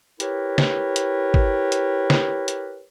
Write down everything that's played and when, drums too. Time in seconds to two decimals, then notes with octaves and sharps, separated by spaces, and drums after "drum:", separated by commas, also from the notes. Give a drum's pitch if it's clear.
0.20 E4 G4 A#4 B4 C#5, drum: hi-hat
0.58 drum: snare
0.96 drum: hi-hat
1.34 drum: kick
1.72 drum: hi-hat
2.10 drum: snare
2.48 drum: hi-hat